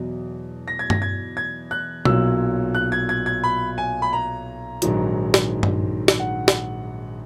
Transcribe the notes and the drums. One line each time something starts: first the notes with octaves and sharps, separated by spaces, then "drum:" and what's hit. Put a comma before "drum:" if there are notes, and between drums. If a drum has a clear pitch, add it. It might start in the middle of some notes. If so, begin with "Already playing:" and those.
Already playing: E2 B2 F#3
A#6
G#6
A#6, drum: tom G2
G#6
G#6
F#6
B1 A#2 F#3 E6, drum: tom B2
F#6
G#6
G#6
G#6
B5
G#5
B5
A#5
A#1 G#2 D#3 F#3, drum: hi-hat
drum: snare
drum: tom G2
drum: snare
F#5
drum: snare